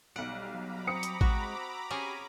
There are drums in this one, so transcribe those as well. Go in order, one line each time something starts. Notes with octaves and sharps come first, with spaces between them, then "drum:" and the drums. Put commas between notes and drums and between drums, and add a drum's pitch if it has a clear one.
B1 G3 F5 F#5 D7
F#3 A#5 B5 D6
C4 D#6 C#7
drum: hi-hat
G#3 F#4, drum: kick A1
E6
C#4 G4 G#4